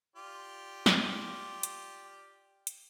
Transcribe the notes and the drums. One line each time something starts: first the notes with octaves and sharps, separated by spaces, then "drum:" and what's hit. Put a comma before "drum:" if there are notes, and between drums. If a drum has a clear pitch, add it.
F4 G4 D5
drum: snare
drum: hi-hat
drum: hi-hat